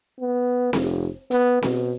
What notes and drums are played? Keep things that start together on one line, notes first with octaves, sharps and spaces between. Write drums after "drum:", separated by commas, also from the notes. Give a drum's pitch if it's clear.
B3
F1, drum: snare C4
B3, drum: hi-hat
B2, drum: snare C4